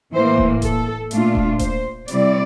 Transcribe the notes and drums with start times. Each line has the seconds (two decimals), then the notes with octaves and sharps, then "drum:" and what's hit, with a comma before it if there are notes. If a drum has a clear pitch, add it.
0.13 A2 E3 A#3 C5
0.38 drum: kick D#1
0.62 A4, drum: kick D#1, hi-hat
1.11 A#2 A3 D4 F4, drum: hi-hat
1.35 drum: kick D#1
1.59 C5, drum: kick D#1, hi-hat
2.08 C3 G3 C4 E4 D5, drum: hi-hat